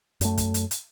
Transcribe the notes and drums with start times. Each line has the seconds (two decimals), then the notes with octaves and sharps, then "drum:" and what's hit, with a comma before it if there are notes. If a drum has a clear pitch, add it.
0.21 F#2 A3, drum: hi-hat
0.37 drum: kick, hi-hat
0.54 drum: hi-hat
0.71 drum: hi-hat